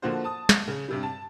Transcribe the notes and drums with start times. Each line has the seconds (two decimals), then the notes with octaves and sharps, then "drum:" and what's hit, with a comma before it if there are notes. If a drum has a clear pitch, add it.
0.02 D3 F3 A#3 F#4 C5
0.24 A5 D#6
0.49 drum: snare
0.67 C#3
0.88 G2 C3 G3
1.03 A5